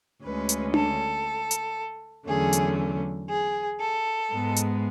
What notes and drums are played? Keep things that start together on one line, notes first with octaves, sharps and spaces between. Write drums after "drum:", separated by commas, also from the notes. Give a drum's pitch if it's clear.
D2 D3 G#3 C#4 B4
drum: hi-hat
A4, drum: tom D4
drum: hi-hat
E2 D3 F#3 A3 C#4 G#4
drum: hi-hat
G#4
A4
G#2 G#3 B3
drum: hi-hat